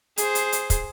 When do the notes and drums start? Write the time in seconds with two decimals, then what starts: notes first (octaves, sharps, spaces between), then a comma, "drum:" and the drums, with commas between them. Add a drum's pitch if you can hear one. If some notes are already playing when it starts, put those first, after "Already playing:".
0.18 G#4 C5, drum: hi-hat
0.35 drum: hi-hat
0.52 drum: hi-hat
0.70 drum: kick, hi-hat